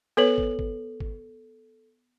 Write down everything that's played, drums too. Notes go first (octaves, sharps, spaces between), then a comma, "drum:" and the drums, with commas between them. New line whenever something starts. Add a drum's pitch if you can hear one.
B3 A4 B4 C#5 F#7
drum: kick
drum: kick
drum: kick